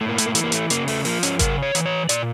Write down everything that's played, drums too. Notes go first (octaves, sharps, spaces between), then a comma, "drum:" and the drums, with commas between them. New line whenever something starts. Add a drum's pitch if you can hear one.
A2 A3
A#3
A3, drum: hi-hat
A#3
E3 A3, drum: hi-hat
A#3
A3, drum: hi-hat
C#3 A#3, drum: hi-hat
A3, drum: open hi-hat
F3 A#3, drum: open hi-hat
C#4, drum: hi-hat
C#3 A#4, drum: kick G#1, hi-hat
C#5
E3, drum: hi-hat
C#5
A#2 D5, drum: hi-hat